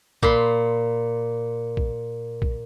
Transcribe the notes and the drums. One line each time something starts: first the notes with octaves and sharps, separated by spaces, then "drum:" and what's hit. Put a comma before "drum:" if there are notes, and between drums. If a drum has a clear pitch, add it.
A#2 B5 C6, drum: kick A#1
drum: kick A#1
drum: kick A#1